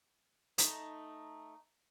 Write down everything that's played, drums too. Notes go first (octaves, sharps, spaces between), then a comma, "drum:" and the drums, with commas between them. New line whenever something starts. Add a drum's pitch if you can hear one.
A3 D#4, drum: hi-hat